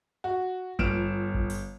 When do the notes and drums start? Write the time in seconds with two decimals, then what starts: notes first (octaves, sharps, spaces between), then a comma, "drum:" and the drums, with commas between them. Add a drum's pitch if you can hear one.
0.24 F#4
0.79 G1 F3 F6 D7 E7, drum: kick G#1
1.34 drum: kick G#1
1.50 drum: open hi-hat